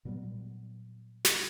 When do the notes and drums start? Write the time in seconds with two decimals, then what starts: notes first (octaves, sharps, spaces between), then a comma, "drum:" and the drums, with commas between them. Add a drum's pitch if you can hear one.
0.05 A#2 F#3 G3 B3
1.25 drum: snare